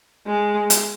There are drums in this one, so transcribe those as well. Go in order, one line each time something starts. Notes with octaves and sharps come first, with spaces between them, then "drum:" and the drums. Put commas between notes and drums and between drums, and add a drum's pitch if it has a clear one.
G#3
drum: hi-hat